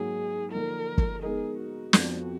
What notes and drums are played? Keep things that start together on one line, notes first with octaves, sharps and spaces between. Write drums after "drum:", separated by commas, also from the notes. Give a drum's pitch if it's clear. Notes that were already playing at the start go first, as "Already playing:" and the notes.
Already playing: G#2 F#3 A#3 G#4
D3 F3 A#3 D#4 A#4
drum: kick
G#3 B3 D#4 G#4 A#4
F#4
F2 F3 B3, drum: snare